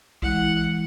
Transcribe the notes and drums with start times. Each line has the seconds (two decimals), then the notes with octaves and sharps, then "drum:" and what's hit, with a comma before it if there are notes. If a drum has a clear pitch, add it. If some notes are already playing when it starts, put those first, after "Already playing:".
0.22 E3 G#3 E4 F#5, drum: kick B1